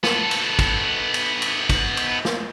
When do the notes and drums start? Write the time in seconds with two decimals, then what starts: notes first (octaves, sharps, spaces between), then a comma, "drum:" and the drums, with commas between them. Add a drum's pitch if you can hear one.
0.03 B3 A4, drum: snare
0.31 drum: cymbal
0.59 drum: kick, cymbal
1.14 drum: cymbal
1.42 drum: cymbal
1.69 drum: kick, cymbal
1.97 drum: cymbal
2.25 drum: snare